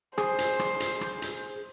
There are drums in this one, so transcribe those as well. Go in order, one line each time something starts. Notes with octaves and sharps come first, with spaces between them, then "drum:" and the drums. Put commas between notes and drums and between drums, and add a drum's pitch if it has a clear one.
G#4 C5, drum: rim click
drum: hi-hat
drum: rim click
drum: hi-hat
drum: rim click
drum: hi-hat